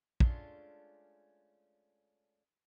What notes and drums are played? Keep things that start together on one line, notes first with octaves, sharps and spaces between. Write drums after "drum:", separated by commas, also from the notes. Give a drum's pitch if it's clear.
G#3 A3 C#4 D4 F4, drum: kick